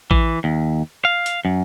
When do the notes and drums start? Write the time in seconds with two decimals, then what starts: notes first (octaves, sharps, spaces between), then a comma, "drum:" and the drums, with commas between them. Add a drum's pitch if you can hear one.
0.11 E3, drum: kick A1
0.44 D#2
1.05 F5
1.26 drum: hi-hat
1.45 F#2